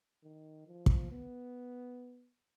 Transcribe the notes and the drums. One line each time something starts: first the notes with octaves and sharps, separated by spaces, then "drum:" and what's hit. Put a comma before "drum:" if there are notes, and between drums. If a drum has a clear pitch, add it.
D#3
F3
drum: kick
B3